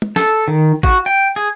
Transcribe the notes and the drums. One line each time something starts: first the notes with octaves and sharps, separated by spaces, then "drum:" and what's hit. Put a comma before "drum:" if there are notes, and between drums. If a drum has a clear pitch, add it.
drum: tom
A4, drum: snare
D#3
F#4, drum: kick
G5
G#4